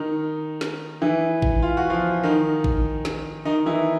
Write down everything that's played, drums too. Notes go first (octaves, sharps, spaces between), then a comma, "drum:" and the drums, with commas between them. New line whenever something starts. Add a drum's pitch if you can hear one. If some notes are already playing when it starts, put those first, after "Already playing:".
Already playing: D#3 D#4
drum: snare
E3 E4
drum: kick G#1
F4
F#4
F3 F4
D#3 D#4
drum: kick G#1
drum: snare
D#3 D#4
E3 E4